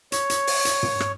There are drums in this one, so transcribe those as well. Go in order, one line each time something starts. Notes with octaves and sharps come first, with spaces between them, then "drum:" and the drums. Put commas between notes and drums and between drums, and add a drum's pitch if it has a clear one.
C#5, drum: hi-hat
drum: hi-hat
drum: open hi-hat
drum: hi-hat
drum: tom
drum: rim click